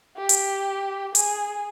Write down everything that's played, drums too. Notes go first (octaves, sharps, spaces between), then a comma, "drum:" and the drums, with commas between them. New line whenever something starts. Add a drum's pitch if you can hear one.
G4
drum: hi-hat
G#4, drum: hi-hat